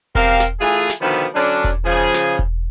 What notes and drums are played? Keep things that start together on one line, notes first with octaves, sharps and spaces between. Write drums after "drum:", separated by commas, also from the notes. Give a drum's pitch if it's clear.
C4 G4 A#4 F5, drum: kick E1
drum: snare
E3 A3 F4 G#4
drum: snare
B2 D3 D#3 F3 G3 B3
D3 F#3 C#4 D4
drum: kick E1
C#3 F3 G#4
drum: snare
drum: kick E1